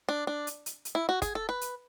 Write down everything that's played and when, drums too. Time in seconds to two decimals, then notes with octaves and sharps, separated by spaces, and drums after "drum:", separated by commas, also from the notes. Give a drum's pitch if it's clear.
0.09 D4
0.27 D4
0.47 drum: hi-hat
0.66 drum: hi-hat
0.85 drum: hi-hat
0.95 E4
1.09 F#4
1.22 G#4, drum: kick, hi-hat
1.35 A4
1.49 B4
1.61 drum: hi-hat